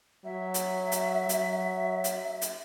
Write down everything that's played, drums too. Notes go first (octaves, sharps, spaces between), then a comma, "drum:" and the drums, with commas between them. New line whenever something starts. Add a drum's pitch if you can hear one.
F#3 E5
drum: hi-hat
drum: hi-hat
F#3, drum: hi-hat
drum: hi-hat
drum: hi-hat